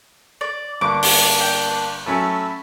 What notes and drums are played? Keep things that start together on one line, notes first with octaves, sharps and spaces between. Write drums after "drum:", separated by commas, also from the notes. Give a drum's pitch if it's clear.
D5
G1 A#3 D4 C#6 D6
drum: open hi-hat
G5
F#3 A3 C#4 A5 B5 E6